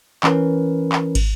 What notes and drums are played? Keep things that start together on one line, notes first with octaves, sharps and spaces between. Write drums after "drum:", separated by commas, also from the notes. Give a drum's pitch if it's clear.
E3 C#4 A#4 B4, drum: clap
drum: clap
drum: kick, cymbal